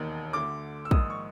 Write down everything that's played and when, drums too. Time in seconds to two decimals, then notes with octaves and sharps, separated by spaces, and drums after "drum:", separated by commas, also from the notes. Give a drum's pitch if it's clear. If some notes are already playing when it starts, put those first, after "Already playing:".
Already playing: E1 D#2 D#3
0.33 D2 D3 D6
0.85 E6
0.91 A#1 G#2 D#3 D#6, drum: kick
1.10 C#6